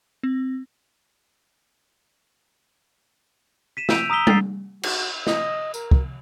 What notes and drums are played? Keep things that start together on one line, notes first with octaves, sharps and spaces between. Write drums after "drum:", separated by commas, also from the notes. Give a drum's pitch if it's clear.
C4
B6 D#7 E7
E6 G6 D7 D#7 F7, drum: snare
A#5 D#6 E6 B6 G7
A6 C7, drum: tom G3
F#4, drum: cymbal
D#5, drum: snare
A#4, drum: tambourine
drum: kick